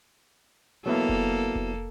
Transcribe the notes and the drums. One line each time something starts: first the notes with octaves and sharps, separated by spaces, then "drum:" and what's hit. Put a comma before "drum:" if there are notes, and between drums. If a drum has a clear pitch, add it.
F#3 A#3 B3 E4 A4
drum: kick F1
drum: kick F1